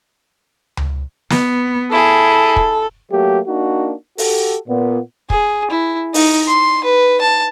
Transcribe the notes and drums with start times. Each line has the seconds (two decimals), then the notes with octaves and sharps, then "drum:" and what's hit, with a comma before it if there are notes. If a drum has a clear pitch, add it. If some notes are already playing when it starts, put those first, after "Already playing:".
0.77 drum: tom C#2
1.30 B3, drum: snare
1.91 E4 G#4 A4
2.56 drum: kick
3.11 F#3 A3 A#3 G4
3.48 A#3 D4 D#4 F#4
4.18 F#4 G4 A4, drum: open hi-hat
4.69 A#2 B3
5.30 G#4, drum: kick
5.71 E4
6.14 D#4, drum: open hi-hat
6.48 C6
6.84 B4
7.21 A5